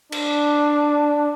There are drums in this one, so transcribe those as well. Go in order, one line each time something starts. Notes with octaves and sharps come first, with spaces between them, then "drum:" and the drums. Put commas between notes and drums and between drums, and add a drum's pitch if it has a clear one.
D4, drum: cymbal